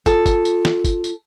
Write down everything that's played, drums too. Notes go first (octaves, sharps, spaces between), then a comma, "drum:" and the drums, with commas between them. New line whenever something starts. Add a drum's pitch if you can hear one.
F4 A4, drum: kick, tambourine
drum: kick, tambourine
drum: tambourine
drum: snare
drum: kick, tambourine
drum: tambourine